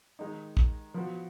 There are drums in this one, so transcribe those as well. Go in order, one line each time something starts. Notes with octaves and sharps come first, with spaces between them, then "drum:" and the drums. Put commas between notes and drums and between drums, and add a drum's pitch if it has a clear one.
D#3 G#3 D#4
drum: kick
F3 B3 F#4